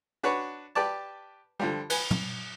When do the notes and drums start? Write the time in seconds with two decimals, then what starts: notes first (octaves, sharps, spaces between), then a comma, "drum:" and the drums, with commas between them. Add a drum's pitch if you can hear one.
0.23 D4 F#4 B4 C#5
0.75 G4 B4 D5 A5
1.59 D3 F3 G3
1.90 B4 G#5, drum: cymbal
2.11 drum: tom